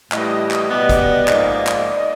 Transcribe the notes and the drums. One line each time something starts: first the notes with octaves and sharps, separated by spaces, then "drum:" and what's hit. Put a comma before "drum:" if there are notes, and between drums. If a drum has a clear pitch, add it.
A2 E3 G3 D#5, drum: clap
drum: clap
B2 G3 B3 D5
drum: kick, hi-hat
G#2 F3 A#3, drum: clap
drum: clap